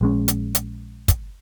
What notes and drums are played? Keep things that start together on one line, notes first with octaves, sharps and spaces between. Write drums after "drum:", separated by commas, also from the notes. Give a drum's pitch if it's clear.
A#1 G#3 C#4
drum: hi-hat
drum: hi-hat
drum: kick, hi-hat